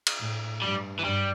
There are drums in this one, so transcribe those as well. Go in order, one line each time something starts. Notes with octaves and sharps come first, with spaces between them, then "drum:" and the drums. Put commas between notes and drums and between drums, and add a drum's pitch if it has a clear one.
drum: cymbal
A2
G2 G3
E3
G2 G3